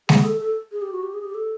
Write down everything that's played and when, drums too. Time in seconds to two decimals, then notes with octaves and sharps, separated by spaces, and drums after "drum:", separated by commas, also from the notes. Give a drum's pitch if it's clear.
0.09 G#4, drum: snare G#3
0.24 A4
0.40 A4
0.72 G#4
0.82 G4
0.92 F#4
1.03 G4
1.14 G#4
1.24 G4
1.34 A4